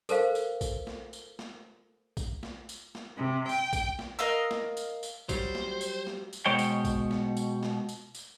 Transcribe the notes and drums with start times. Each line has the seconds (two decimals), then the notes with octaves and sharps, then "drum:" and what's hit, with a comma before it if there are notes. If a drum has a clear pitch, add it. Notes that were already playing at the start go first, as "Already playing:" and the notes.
0.09 A4 A#4 C5 F5, drum: tambourine
0.35 drum: tambourine
0.61 drum: kick A#1, tambourine
0.87 drum: snare
1.13 drum: tambourine
1.39 drum: snare
2.17 drum: kick A#1, tambourine
2.43 drum: snare
2.69 drum: tambourine
2.95 drum: snare
3.17 C3
3.49 G5, drum: tambourine
3.73 drum: kick A#1, tambourine
3.99 drum: snare
4.19 A#4 D#5 F5 E6
4.51 drum: snare
4.77 drum: tambourine
5.03 drum: tambourine
5.29 F#3 G3 C5, drum: kick A#1, tambourine
5.55 drum: snare
5.81 drum: tambourine
6.07 drum: snare
6.33 drum: tambourine
6.46 B2 G#3 C5 C#5 G5
6.59 drum: tambourine
6.85 drum: kick A#1, tambourine
7.11 drum: snare
7.37 drum: tambourine
7.63 drum: snare
7.89 drum: tambourine
8.15 drum: tambourine